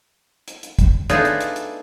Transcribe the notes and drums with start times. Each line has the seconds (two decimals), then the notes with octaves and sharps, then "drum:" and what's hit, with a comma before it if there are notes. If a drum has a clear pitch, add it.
0.48 drum: hi-hat
0.63 drum: hi-hat
0.79 drum: kick, hi-hat
1.10 A3 B3 D4 D#4 F4 G#4, drum: hi-hat
1.25 drum: hi-hat
1.40 drum: hi-hat
1.56 drum: hi-hat